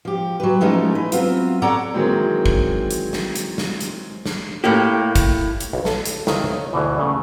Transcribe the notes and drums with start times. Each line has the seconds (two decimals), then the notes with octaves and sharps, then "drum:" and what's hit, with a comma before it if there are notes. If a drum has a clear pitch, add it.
0.05 F3 G4
0.40 F#3 B4
0.61 E3 F3 G#3 A3 C#4 D#4
0.95 B4
1.12 F#3 B3 C4 F4, drum: hi-hat
1.62 A4 C#5 D5 F#5 A#5
1.94 D#3 E3 F#3 G#3 C4
2.46 drum: kick
2.91 drum: hi-hat
3.13 drum: snare
3.36 drum: hi-hat
3.58 drum: snare
3.81 drum: hi-hat
4.26 drum: snare
4.64 A2 A#3 G4
5.16 drum: kick, hi-hat
5.61 drum: hi-hat
5.73 B1
5.85 A4, drum: snare
6.06 drum: hi-hat
6.27 C#2 D#3 E4 A4 C5, drum: snare
6.54 C#5
6.73 D2 B2 E3
6.99 C#3 A3